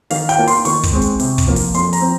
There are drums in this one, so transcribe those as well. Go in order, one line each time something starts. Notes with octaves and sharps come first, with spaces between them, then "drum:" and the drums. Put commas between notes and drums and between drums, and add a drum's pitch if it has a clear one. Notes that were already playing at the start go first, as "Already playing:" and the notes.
D#3 F5, drum: open hi-hat
G5, drum: hi-hat
A#3 F4
C6, drum: open hi-hat
D#3 C#6, drum: open hi-hat
drum: kick, hi-hat
G#3 C4
drum: hi-hat
C3, drum: open hi-hat
drum: kick, hi-hat
F3 A#3 F4
drum: open hi-hat
F2 C6, drum: hi-hat
A#5, drum: open hi-hat
F3 C4